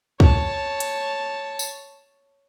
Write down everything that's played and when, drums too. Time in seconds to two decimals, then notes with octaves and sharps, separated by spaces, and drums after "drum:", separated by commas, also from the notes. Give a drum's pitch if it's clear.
0.20 C#5 A5, drum: kick
0.80 drum: hi-hat
1.59 drum: tambourine